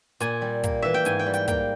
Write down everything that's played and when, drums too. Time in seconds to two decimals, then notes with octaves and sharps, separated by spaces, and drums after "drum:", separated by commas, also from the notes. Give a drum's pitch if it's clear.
0.20 A#2 G#5, drum: hi-hat
0.42 G3
0.64 A#3, drum: kick, hi-hat
0.82 E3 E5
0.94 G5
1.05 G#2 G#5, drum: hi-hat
1.19 G5
1.26 G3
1.34 G5, drum: hi-hat
1.48 A#3 G5, drum: kick, hi-hat